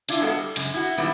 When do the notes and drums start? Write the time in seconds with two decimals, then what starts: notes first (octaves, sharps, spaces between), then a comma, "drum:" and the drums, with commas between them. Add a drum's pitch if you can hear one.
0.09 D4 E4 F4, drum: cymbal
0.22 G#3 B3 F#4 A4 F5
0.37 G3
0.56 F#2 C#3 G#3, drum: cymbal
0.74 E4 F#4
0.98 A#2 D#3 F#3 G3 B3 E4